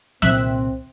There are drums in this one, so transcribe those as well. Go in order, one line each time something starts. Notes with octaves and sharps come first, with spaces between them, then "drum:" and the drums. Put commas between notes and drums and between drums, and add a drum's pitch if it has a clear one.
C2 A#2 D#3 C4 E5 F#6, drum: snare